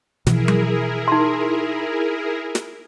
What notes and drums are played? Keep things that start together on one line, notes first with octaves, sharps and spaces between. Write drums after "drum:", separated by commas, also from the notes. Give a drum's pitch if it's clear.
B2 E3 F3 E4 G#4 A#4, drum: snare
drum: tom F#3
D#4 C6
drum: snare